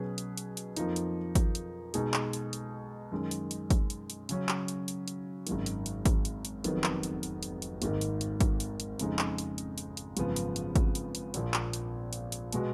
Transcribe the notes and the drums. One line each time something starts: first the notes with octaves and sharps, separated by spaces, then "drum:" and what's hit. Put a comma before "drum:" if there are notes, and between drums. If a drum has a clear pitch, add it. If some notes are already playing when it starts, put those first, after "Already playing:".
Already playing: B2 F#3 C#4 G#4 B4
drum: hi-hat
drum: hi-hat
drum: hi-hat
F2 F3 A#3 D#4, drum: hi-hat
drum: hi-hat
drum: kick G#1, hi-hat
drum: hi-hat
B2 G#3 D#4 G#4, drum: hi-hat
drum: clap
drum: hi-hat
drum: hi-hat
F#2 D#3 G#3
drum: hi-hat
drum: hi-hat
drum: kick G#1, hi-hat
drum: hi-hat
drum: hi-hat
C#3 F#3 C#4, drum: hi-hat
drum: clap
drum: hi-hat
drum: hi-hat
drum: hi-hat
G#1 F#2 D#3, drum: hi-hat
drum: hi-hat
drum: hi-hat
drum: kick G#1, hi-hat
drum: hi-hat
drum: hi-hat
F1 F2 D#3 F#3 B3, drum: hi-hat
drum: clap
drum: hi-hat
drum: hi-hat
drum: hi-hat
drum: hi-hat
G#1 G#2 D#3 A#3, drum: hi-hat
drum: hi-hat
drum: hi-hat
drum: kick G#1, hi-hat
drum: hi-hat
drum: hi-hat
F2 C#3 G#3 D#4, drum: hi-hat
drum: clap
drum: hi-hat
drum: hi-hat
drum: hi-hat
drum: hi-hat
G#1 F#2 C#3 F3 B3, drum: hi-hat
drum: hi-hat
drum: hi-hat
drum: kick G#1, hi-hat
drum: hi-hat
drum: hi-hat
A#1 A#2 F3, drum: hi-hat
drum: clap
drum: hi-hat
drum: hi-hat
drum: hi-hat
B2 G#3 B3 F#4, drum: hi-hat